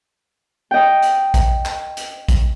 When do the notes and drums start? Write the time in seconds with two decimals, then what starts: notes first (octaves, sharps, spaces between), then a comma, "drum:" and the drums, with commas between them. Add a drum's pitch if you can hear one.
0.71 D#5 G5
1.03 drum: hi-hat
1.34 drum: kick A#1, hi-hat
1.66 drum: clap
1.97 drum: hi-hat
2.29 drum: kick A#1, hi-hat